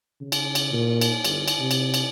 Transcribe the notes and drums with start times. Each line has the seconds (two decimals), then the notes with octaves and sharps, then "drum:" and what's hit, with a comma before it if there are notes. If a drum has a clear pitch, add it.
0.21 C#3
0.32 drum: cymbal
0.55 drum: cymbal
0.73 A#2
1.01 drum: cymbal
1.25 G1, drum: cymbal
1.48 drum: cymbal
1.59 C3
1.71 drum: cymbal
1.94 drum: cymbal